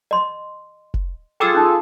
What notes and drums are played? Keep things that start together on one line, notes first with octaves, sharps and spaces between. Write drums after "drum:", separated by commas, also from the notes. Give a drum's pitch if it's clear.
D#5 C6
drum: kick F1
F4 G#4 A4 G5 D6 E6
C#4 D#4